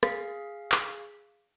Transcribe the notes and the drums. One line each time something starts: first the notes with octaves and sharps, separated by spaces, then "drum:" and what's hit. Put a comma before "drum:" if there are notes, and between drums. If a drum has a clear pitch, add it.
G#4 F5 B6, drum: rim click
drum: clap